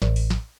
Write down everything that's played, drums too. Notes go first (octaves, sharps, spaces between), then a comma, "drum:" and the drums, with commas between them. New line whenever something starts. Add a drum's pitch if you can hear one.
A1, drum: snare
drum: open hi-hat
drum: snare